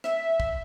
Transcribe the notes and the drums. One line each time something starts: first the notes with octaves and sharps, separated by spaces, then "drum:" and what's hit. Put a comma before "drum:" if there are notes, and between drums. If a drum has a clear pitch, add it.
E5, drum: rim click
drum: kick